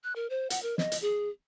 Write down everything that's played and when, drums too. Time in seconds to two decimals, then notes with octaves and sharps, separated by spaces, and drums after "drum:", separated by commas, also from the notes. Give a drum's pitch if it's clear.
0.04 F#6
0.16 A#4
0.30 C5
0.50 F#5, drum: hi-hat
0.63 A#4
0.78 D#5, drum: snare
0.92 drum: hi-hat
1.02 G#4